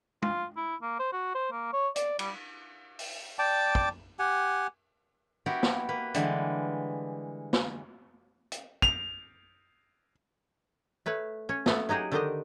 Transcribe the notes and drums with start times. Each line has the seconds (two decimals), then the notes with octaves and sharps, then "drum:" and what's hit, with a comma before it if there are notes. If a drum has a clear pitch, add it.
0.22 F4, drum: tom
0.57 E4
0.82 A#3
0.99 C5
1.13 F#4
1.35 C5
1.52 A#3
1.73 C#5
1.96 D5, drum: hi-hat
2.19 G3, drum: cymbal
2.99 drum: open hi-hat
3.39 D5 G5 A5 D6
3.75 drum: kick
4.19 G4 F#5 G#5
5.46 B3 E4 F#4 G4 A#4
5.63 drum: snare
5.89 A#3 B4
6.14 D3 E3 G3 G#3, drum: hi-hat
7.53 drum: snare
8.52 drum: hi-hat
8.82 F7, drum: kick
11.06 A3 B4 C#5
11.49 C#4 C#5
11.66 A3 B3 A4, drum: snare
11.89 F#3 D#4 G4 G#4 F#5
12.12 D3 D#3 D4 G4 C5 D#5